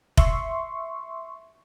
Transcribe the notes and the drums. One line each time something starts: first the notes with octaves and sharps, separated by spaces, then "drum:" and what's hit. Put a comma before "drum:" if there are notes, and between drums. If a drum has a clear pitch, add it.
E5 C6 C#6, drum: kick F1